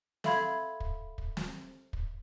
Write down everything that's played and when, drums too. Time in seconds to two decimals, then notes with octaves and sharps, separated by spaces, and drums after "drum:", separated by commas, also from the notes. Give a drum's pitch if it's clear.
0.24 A4 E5 F5 B5 C6 G#6, drum: snare
0.80 drum: kick
1.18 drum: kick
1.37 drum: snare
1.93 drum: kick